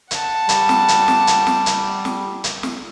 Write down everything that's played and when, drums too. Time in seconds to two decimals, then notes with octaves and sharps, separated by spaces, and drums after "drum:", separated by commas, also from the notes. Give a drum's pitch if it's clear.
0.11 F#5 A5, drum: hi-hat
0.49 G3, drum: hi-hat
0.69 drum: snare
0.88 drum: hi-hat
1.08 drum: snare
1.27 drum: hi-hat
1.47 drum: snare
1.66 drum: hi-hat
2.05 drum: snare
2.44 drum: hi-hat
2.63 drum: snare